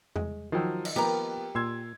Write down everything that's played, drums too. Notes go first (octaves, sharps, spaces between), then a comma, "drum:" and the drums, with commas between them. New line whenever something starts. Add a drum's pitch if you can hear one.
G#3, drum: tom E2
D#3 F3 F#3 G5
drum: cymbal
F3 A#3 B3 G4 A#4
A#2 C6 E6 G#6